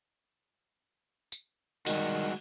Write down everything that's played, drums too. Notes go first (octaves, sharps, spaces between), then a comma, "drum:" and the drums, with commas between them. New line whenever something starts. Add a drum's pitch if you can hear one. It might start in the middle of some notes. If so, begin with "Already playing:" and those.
drum: tambourine
D#3 G3 G#3 F#4, drum: cymbal